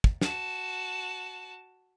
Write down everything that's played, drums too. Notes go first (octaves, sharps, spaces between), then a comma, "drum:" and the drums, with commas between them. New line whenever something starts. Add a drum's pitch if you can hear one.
drum: kick
F#4 A5, drum: snare